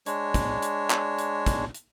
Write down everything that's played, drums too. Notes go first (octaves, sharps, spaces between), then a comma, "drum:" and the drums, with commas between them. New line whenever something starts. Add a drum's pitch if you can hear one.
G#3 D4 C#5, drum: hi-hat
drum: kick, hi-hat
drum: hi-hat
drum: clap
drum: hi-hat
drum: kick, hi-hat
drum: hi-hat